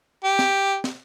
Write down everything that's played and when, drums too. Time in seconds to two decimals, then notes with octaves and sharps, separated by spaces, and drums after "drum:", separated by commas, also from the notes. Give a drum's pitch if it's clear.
0.24 G4
0.39 drum: snare
0.84 drum: snare